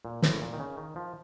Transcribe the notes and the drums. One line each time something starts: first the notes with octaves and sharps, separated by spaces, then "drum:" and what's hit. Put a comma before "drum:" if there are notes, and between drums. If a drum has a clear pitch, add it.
A#2
A2, drum: snare
A#2
D#3
C#3
D#3
F3